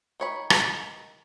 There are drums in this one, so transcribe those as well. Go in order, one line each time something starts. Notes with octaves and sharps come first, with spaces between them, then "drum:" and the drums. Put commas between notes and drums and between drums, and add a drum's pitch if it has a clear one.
D#3 C#5 B5
drum: rim click